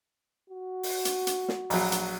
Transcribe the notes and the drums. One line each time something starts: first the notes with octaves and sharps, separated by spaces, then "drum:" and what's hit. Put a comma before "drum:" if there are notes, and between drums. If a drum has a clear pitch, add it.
F#4
drum: open hi-hat
drum: hi-hat
drum: hi-hat
drum: snare
A#1 F#3, drum: open hi-hat
drum: hi-hat